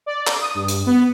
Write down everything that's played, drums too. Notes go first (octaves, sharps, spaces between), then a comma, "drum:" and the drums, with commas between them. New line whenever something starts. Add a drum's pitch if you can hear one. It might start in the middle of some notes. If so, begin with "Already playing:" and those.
D5
drum: clap
D#6
G2
drum: hi-hat
B3